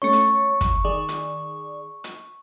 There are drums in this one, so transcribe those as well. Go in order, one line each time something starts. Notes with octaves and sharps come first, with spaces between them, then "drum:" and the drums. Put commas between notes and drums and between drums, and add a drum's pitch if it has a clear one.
A3 C#4 C#5 C#6 C#7
drum: hi-hat
drum: kick, hi-hat
D#3 G#4 D5
drum: hi-hat
drum: hi-hat